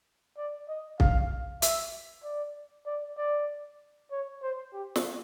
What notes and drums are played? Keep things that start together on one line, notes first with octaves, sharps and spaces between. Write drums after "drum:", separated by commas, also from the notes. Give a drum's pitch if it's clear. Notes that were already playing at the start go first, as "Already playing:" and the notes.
D5
D#5
F5, drum: kick
E5, drum: hi-hat
D5
D5
D5
C#5
C5
G4
drum: snare